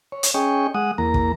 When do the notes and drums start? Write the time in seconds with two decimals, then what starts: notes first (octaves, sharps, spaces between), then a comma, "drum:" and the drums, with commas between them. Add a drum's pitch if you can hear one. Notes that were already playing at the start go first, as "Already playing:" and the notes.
0.12 C#5
0.23 drum: hi-hat
0.34 C#4 G#4 D#5 G5 C#6
0.74 G#3 F#5 D#6
0.98 E2 A#3 A#5
1.14 drum: kick